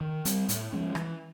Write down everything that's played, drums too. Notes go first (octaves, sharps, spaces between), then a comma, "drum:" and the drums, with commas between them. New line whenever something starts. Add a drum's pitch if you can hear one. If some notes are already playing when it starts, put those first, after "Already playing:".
D#3
G3 C4, drum: hi-hat
A2, drum: hi-hat
F3 G#3 C#4
E3, drum: rim click